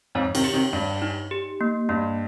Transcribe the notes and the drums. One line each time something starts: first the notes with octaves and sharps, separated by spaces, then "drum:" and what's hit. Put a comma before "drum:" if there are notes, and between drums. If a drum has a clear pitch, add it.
F2 G#2 C#5
C3 D#3, drum: cymbal
G4
C3 D#3
G2 C#5
D#4
G4
A#3
G2 A#3